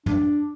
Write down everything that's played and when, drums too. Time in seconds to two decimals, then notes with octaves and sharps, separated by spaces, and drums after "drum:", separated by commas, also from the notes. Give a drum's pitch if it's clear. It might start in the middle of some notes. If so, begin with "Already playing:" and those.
0.06 D4, drum: tom